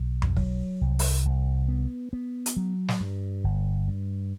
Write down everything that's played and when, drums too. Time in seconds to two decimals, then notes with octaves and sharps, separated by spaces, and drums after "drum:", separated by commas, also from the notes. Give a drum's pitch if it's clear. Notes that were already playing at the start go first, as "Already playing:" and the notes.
Already playing: B1
0.22 drum: tom F2
0.37 F#3, drum: kick
0.81 C2
0.99 drum: open hi-hat
1.25 C2
1.68 B3
2.13 B3
2.46 drum: hi-hat
2.57 F#3
2.88 drum: snare
3.00 G2
3.44 G1
3.88 G2